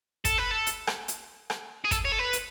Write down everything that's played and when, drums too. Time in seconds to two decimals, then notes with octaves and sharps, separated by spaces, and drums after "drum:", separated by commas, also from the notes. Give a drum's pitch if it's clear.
0.25 A4, drum: kick, hi-hat
0.38 B4
0.51 A4
0.67 drum: hi-hat
0.87 drum: rim click
1.08 drum: hi-hat
1.50 drum: rim click
1.85 G#4
1.91 A4, drum: kick, hi-hat
2.05 C#5
2.12 A4
2.19 B4
2.33 drum: hi-hat